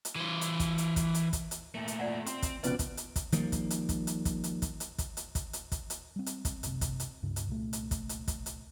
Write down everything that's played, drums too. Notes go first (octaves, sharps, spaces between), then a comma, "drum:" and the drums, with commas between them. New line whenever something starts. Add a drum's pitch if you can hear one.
drum: hi-hat
E3 C5
drum: hi-hat
drum: kick, hi-hat
drum: hi-hat
drum: kick, hi-hat
drum: hi-hat
drum: kick, hi-hat
drum: hi-hat
A#2 A3
drum: hi-hat
F4 D5 F#5
C4 C6, drum: hi-hat
drum: kick, hi-hat
C#2 B2 F3 C#4 B4 D5, drum: hi-hat
drum: kick, hi-hat
drum: hi-hat
drum: kick, hi-hat
D#3 F3 G3 A#3, drum: hi-hat
drum: kick, hi-hat
drum: hi-hat
drum: kick, hi-hat
drum: hi-hat
drum: kick, hi-hat
drum: hi-hat
drum: kick, hi-hat
drum: hi-hat
drum: kick, hi-hat
drum: hi-hat
drum: kick, hi-hat
drum: hi-hat
drum: kick, hi-hat
drum: hi-hat
G3 C4
drum: hi-hat
drum: kick, hi-hat
F#1 C2 C3, drum: hi-hat
drum: kick, hi-hat
drum: hi-hat
C#2 G2 C#3
drum: hi-hat
C2 A#2 A3
drum: hi-hat
drum: kick, hi-hat
drum: hi-hat
drum: kick, hi-hat
drum: hi-hat